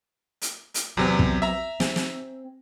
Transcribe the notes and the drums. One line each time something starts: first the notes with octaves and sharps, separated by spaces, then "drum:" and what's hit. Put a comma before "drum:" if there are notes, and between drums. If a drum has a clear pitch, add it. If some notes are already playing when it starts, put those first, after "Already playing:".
drum: hi-hat
drum: hi-hat
E2 C3 F#3 B3 C4
drum: kick
E5 A#5
C4 G#4, drum: snare
drum: snare